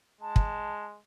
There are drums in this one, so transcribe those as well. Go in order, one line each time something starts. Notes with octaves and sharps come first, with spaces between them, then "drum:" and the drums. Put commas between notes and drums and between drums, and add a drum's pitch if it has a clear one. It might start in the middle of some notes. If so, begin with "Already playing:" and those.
G#3 A5
drum: kick